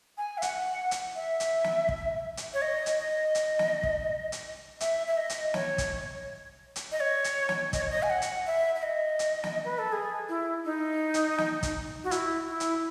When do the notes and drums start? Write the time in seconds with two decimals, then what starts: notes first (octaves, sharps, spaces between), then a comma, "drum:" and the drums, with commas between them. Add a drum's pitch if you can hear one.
0.18 G#5
0.38 E5
0.42 F#5, drum: hi-hat
0.91 drum: hi-hat
1.16 E5
1.40 drum: hi-hat
1.64 drum: snare
1.89 drum: kick
2.37 drum: hi-hat
2.54 C#5
2.62 D#5
2.86 drum: hi-hat
2.98 D#5
3.35 drum: hi-hat
3.59 drum: snare
3.83 drum: kick
4.32 drum: hi-hat
4.81 E5, drum: hi-hat
5.07 E5
5.17 D#5
5.30 drum: hi-hat
5.54 C#5, drum: snare
5.78 drum: kick, hi-hat
6.76 drum: hi-hat
6.92 D#5
7.00 C#5
7.24 drum: hi-hat
7.49 drum: snare
7.73 D#5, drum: kick, hi-hat
7.81 C#5
7.90 D#5
8.03 G#5
8.10 F#5
8.22 drum: hi-hat
8.47 E5
8.75 E5
8.82 D#5
9.19 drum: hi-hat
9.43 drum: snare
9.65 B4
9.79 A4
9.92 G#4
10.29 E4
10.65 D#4
11.14 drum: hi-hat
11.38 drum: snare
11.63 drum: kick, hi-hat
12.04 F#4
12.11 E4, drum: hi-hat
12.48 E4
12.60 drum: hi-hat